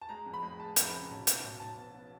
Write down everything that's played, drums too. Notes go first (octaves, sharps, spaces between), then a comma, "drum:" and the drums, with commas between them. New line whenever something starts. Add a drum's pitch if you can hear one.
A5
G#3 A#5
F2
B5
G#3
G#3 A5
F2, drum: hi-hat
C#3
B1
B3, drum: hi-hat
B1
B1 A5
B3
B3